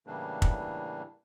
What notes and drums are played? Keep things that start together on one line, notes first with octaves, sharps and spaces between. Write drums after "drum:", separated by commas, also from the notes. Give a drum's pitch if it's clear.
A2 C#3 E3 G3 A#3 D4
drum: kick